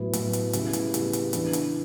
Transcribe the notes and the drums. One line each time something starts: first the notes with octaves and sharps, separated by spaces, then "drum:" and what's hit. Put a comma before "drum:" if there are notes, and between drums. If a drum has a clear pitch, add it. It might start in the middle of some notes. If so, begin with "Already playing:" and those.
Already playing: A2 F#3 B3 E4
A2 F#3 B3 E4, drum: hi-hat
drum: hi-hat
C#3 G3 B3 E4, drum: hi-hat
drum: hi-hat
C#3 G3 B3 E4, drum: hi-hat
drum: hi-hat
E3 B3 D4, drum: hi-hat
drum: hi-hat